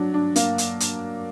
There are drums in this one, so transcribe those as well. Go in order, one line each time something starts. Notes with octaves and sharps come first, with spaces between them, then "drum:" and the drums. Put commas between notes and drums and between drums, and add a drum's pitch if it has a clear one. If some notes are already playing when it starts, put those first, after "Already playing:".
Already playing: F#3 D4
D4
A#3, drum: hi-hat
drum: hi-hat
drum: hi-hat